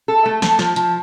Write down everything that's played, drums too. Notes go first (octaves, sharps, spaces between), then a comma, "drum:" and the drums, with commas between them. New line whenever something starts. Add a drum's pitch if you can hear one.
A4
A3
A3, drum: snare
F3, drum: snare
F3, drum: hi-hat